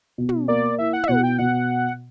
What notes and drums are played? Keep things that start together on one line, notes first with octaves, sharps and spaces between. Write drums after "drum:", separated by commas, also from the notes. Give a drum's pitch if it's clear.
B2
drum: tom
A#3 D5
E4 E5
F#5
E5, drum: tom
B2 F#5
G5
B2 F#5